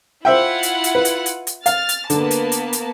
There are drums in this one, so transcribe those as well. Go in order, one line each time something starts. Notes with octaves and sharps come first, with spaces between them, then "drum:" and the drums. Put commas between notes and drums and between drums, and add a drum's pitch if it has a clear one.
E4 F4 C5 E5 F#5 G5
drum: hi-hat
drum: hi-hat
B4
drum: hi-hat
drum: hi-hat
drum: hi-hat
F5 F6 A6, drum: hi-hat
drum: hi-hat
D3 A#3 B3 A5, drum: hi-hat
drum: hi-hat
drum: hi-hat
drum: hi-hat